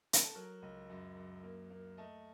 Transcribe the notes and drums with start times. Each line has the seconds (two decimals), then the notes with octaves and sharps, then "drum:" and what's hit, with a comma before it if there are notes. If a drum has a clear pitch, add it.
0.13 drum: hi-hat
0.24 A4
0.35 F#3 A#4
0.62 C#2
0.89 F#2
1.16 F#2
1.44 A#3
1.70 A#3
1.97 A3 D#5